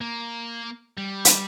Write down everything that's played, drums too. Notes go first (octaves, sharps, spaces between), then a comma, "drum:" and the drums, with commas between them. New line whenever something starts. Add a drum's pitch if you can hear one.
A#3
G3
drum: hi-hat